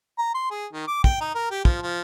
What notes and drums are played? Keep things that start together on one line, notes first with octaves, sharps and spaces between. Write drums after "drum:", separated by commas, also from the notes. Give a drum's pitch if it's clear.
A#5
C6
G#4
D#3
D6
G5, drum: kick
D#4
A#4
G4
F3, drum: kick
F3